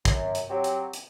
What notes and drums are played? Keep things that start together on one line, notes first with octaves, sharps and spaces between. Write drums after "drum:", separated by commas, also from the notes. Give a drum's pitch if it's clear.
F#2, drum: kick, hi-hat
drum: hi-hat
F#3 C4 G4
drum: hi-hat
drum: hi-hat